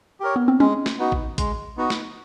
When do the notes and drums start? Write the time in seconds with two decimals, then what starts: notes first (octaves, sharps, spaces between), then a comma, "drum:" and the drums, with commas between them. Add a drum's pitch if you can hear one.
0.20 G4 A#4 C#5
0.36 B3
0.48 C4
0.60 G#3 C#4
0.86 drum: snare
0.99 B3 D#4 F#4
1.12 drum: kick A1
1.38 G#3, drum: kick A1, hi-hat
1.77 B3 D#4 F#4
1.90 drum: snare